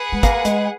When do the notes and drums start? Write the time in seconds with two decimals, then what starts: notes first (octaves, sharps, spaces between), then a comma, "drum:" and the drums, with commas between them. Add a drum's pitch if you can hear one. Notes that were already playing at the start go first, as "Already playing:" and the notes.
Already playing: G#4 B4 F#5
0.12 G#3
0.23 A#3, drum: kick, hi-hat
0.45 G#3, drum: hi-hat